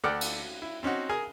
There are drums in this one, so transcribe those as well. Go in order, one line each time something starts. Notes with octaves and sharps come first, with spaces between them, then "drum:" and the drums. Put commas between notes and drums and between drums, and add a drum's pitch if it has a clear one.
D2 A4 D5 F#5 G5 F6
drum: cymbal
E4
C4 C#4 D#4 F#4
G#4 A#4 G#5